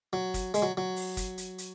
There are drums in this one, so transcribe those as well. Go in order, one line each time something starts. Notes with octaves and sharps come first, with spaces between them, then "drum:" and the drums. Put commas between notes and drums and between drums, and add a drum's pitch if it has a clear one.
F#3
drum: kick, hi-hat
G#3, drum: hi-hat
F#3
F#3
drum: open hi-hat
drum: kick, hi-hat
drum: hi-hat
drum: hi-hat